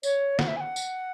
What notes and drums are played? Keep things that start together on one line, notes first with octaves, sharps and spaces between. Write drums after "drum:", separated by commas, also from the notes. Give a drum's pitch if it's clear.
C#5, drum: tambourine
F#5, drum: snare
E5
G#5
F#5
drum: tambourine